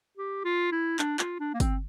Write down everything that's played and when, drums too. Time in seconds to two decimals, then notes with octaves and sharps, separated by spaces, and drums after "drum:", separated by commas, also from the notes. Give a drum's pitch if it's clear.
0.17 G4
0.45 F4
0.72 E4
0.99 D4, drum: clap
1.19 F4, drum: clap
1.40 D4
1.54 A#3
1.60 C4, drum: kick, hi-hat